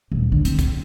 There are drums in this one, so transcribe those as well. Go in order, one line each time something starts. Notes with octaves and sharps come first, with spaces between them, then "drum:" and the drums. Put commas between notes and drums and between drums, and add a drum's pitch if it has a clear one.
D#1
D3
C4, drum: hi-hat
drum: kick, hi-hat